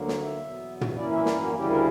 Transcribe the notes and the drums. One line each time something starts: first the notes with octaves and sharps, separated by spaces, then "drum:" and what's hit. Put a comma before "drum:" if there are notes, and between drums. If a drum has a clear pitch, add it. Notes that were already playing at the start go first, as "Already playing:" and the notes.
Already playing: D2 D3 F#3 A#3
C#5, drum: snare
E5
E2 B2 F#3 B3
drum: tom
F#2 E3 A#3 C#4 E4 D5
E5
D5, drum: snare
F#4
D2 C#3 G3 C#4 E4 G4
A#4